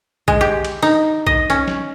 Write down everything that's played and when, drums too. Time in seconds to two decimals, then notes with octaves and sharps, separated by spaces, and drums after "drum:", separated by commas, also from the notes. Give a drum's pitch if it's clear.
0.28 G#3, drum: kick B1
0.41 G4
0.65 drum: cymbal
0.82 D#4, drum: open hi-hat
1.26 D#5, drum: kick B1
1.50 C#4, drum: hi-hat
1.68 drum: snare